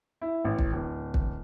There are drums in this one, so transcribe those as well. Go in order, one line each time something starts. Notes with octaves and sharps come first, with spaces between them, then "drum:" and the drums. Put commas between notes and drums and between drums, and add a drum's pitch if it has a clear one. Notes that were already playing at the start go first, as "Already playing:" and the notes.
E4
A1
drum: kick
D1
drum: kick